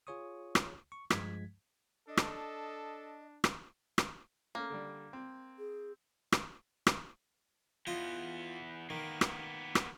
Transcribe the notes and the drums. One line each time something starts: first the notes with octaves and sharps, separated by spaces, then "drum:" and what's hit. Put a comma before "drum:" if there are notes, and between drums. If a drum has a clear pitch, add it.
F4 G#4 C#5 C#6 D#6
drum: rim click
C#6
G2 F3 G#3 G#6 B6, drum: rim click
D4 A4 D#5
drum: rim click
drum: rim click
drum: rim click
A3 A#3 C#4 F6
D3 G3
C4
G#4
drum: rim click
drum: rim click
E2 B3 F4 D#5
D#3 A#3 B3
drum: rim click
drum: rim click